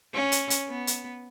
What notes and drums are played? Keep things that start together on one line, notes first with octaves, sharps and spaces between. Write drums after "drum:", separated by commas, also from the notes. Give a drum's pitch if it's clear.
C#4
drum: hi-hat
drum: hi-hat
B3
drum: hi-hat